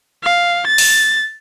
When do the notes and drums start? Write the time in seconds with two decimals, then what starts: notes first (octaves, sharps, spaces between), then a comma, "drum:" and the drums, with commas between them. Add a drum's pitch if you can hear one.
0.23 F5
0.67 A6
0.78 drum: open hi-hat